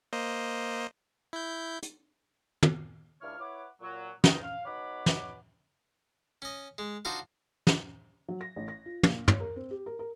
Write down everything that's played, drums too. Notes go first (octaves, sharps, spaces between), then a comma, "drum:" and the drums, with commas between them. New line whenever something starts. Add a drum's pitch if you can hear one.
A#3 C5 D#5
E4 G6
drum: hi-hat
drum: tom
C#2 D4 E4 F4 C#5 F6
E4 B4 C#5 F#5 D6
A#2 F#3
E2 D#3, drum: snare
F5
B2 D#4 C#5 F#5 B5 D6
drum: snare
C#4 D#5
G#3
D4 D#4 F4 F#4 C5 F5
drum: snare
F#3
A#6
A1
A#6
F4
A#2, drum: tom
C#5, drum: tom
A#4
C4
G4
A#4
A#4